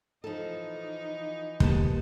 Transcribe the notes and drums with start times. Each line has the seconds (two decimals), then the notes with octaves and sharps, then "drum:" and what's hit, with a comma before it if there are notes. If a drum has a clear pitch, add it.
0.24 E3 F3 D#4 A4
1.60 G#3 A#3 B3 G4 A5, drum: kick